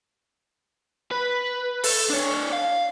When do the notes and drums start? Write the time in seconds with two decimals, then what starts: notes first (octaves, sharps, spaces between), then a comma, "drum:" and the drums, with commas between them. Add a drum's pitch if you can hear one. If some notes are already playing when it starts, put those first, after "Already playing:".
1.11 B4
1.84 A4, drum: open hi-hat
2.10 D4 C#5
2.53 F5